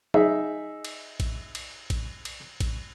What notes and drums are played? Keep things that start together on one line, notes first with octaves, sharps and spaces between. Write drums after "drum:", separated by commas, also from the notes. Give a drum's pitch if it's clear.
D#4 G#4 E5, drum: tom F#3
drum: cymbal
drum: kick, cymbal
drum: cymbal
drum: kick, cymbal
drum: cymbal
drum: kick, cymbal